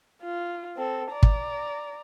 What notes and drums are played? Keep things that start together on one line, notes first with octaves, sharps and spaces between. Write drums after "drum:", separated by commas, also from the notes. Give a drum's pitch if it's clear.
F4
C4 A4
D5 A#5
drum: kick